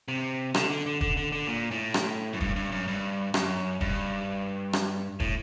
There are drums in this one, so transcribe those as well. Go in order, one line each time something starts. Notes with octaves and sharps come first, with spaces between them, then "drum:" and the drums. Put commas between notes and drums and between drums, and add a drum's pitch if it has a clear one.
C3
D3, drum: rim click
D3
D3
D3, drum: kick
D3
D3
A#2
A2
drum: rim click
F#2
G2, drum: kick
G2
F#2
G2
F#2, drum: rim click
G2, drum: kick
drum: rim click
A2, drum: kick